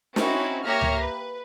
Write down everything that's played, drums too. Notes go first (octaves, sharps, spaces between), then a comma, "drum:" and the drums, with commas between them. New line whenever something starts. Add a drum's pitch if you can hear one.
C4 C#4 D#4 E4 F#4, drum: snare
A#3 G4 C#5 E5 F6 A#6
drum: tom C#2
B4